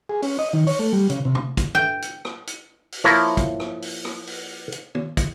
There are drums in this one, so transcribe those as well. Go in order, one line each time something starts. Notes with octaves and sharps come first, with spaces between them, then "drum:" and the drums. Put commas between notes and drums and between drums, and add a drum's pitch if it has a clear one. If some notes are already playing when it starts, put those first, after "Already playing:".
G#4
C#4, drum: open hi-hat
D#5
D#3
C#5, drum: open hi-hat
A3
G3
C#3, drum: hi-hat
C3
drum: tom
drum: kick, hi-hat
G5
drum: hi-hat
drum: rim click
drum: hi-hat
drum: open hi-hat
F3 A#3 E4 A#4 C#5
drum: kick, hi-hat
drum: rim click
drum: open hi-hat
drum: rim click
drum: open hi-hat
drum: hi-hat
drum: tom
drum: kick, hi-hat